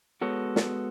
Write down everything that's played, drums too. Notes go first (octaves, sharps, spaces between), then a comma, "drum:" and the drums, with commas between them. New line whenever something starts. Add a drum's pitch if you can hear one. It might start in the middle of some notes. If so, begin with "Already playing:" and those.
G#3 B3 F#4 A4 C#5
drum: snare